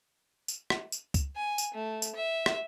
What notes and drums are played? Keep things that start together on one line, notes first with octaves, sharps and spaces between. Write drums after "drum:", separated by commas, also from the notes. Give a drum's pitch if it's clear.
drum: tambourine
drum: rim click
drum: tambourine
drum: kick C#2, tambourine
G#5
drum: tambourine
A3
drum: tambourine
E5
drum: rim click